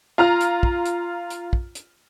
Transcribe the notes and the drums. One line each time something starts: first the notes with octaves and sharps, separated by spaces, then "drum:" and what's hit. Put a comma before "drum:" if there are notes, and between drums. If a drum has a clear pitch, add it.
F4 A#5 F6
drum: hi-hat
drum: kick
drum: hi-hat
drum: hi-hat
drum: kick
drum: hi-hat